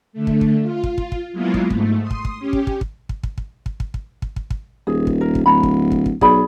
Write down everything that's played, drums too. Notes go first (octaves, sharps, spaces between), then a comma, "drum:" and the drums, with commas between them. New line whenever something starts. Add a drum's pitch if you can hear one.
D3 A3
drum: kick
drum: kick
F4
drum: kick
drum: kick
drum: kick
F#3 G#3 A#3 B3 E4 F4
drum: kick
G#2 A3, drum: kick
C6 D#6
drum: kick
drum: kick
C#4 G4
drum: kick
drum: kick
drum: kick
drum: kick
drum: kick
drum: kick
drum: kick
drum: kick
drum: kick
drum: kick
drum: kick
drum: kick
D#1 G#4
drum: kick
A#4
drum: kick
D1 A#5 B5
drum: kick
drum: kick
drum: kick
B1 G#4 D5 B5, drum: kick